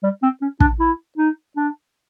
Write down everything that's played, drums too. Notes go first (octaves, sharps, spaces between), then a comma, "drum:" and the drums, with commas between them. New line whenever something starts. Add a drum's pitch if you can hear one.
G3
C4
C#4
D4, drum: kick
E4
D#4
D4